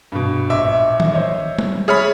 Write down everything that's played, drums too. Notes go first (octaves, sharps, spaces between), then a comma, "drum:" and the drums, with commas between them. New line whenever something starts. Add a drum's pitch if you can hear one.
G2 B2
A#1 D#5 E5 D6
drum: tom D#3
C5 C#5 D#5
drum: tom G3
G#4 C#5 E5 B5 F6 A6